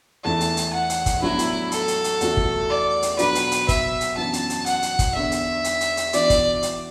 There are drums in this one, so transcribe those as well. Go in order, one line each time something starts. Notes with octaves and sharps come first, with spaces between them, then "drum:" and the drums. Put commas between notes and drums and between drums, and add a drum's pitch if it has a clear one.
E2 E3 A3 E4 A5
drum: hi-hat
drum: hi-hat
F#5
drum: hi-hat
drum: kick, hi-hat
A2 F#3 B3 D4 E4 F#4
drum: hi-hat
A4, drum: hi-hat
drum: hi-hat
drum: hi-hat
E2 E3 A3 F#4, drum: hi-hat
drum: kick
D5
drum: hi-hat
B2 F#3 D4 F#4 B4, drum: hi-hat
drum: hi-hat
drum: hi-hat
E5, drum: kick, hi-hat
drum: hi-hat
F#2 E3 B3 D4 F#4 A5
drum: hi-hat
drum: hi-hat
F#5, drum: hi-hat
drum: hi-hat
drum: kick, hi-hat
E2 D3 B3 D4 E5
drum: hi-hat
drum: hi-hat
drum: hi-hat
drum: hi-hat
E3 B3 D4 F#4 D5, drum: hi-hat
drum: kick, hi-hat
drum: hi-hat